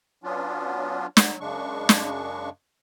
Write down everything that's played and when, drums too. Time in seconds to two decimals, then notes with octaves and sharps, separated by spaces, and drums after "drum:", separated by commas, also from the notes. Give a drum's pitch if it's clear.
0.24 F#3 B3 C#4 D4 F4
1.17 F#3, drum: snare
1.40 F#2 C#3 G#3 D4 C#6
1.89 drum: snare